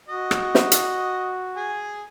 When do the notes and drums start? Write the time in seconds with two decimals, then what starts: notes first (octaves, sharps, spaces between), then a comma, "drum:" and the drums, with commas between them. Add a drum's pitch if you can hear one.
0.09 F#4 D#5
0.31 drum: rim click
0.55 drum: snare
0.72 drum: hi-hat
1.57 G#4 G#5